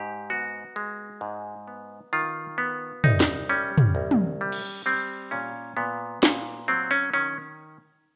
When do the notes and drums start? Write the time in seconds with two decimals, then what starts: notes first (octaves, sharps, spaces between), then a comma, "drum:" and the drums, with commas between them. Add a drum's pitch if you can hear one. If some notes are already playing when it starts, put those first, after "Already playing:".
Already playing: G#2 G4
0.30 B3 F#4
0.76 G#3
1.21 G#2
1.67 B3
2.13 D#3 F4
2.58 B3
3.04 C2 D#4, drum: tom
3.20 drum: snare
3.49 G3 C#4
3.78 drum: tom
3.95 C2
4.11 drum: tom
4.41 G3
4.52 drum: cymbal
4.86 G3 C4
5.31 A#2 C#4
5.77 A#2 B3
6.23 A#2, drum: snare
6.68 F#3 C4
6.91 C#4
7.14 D#3 C#4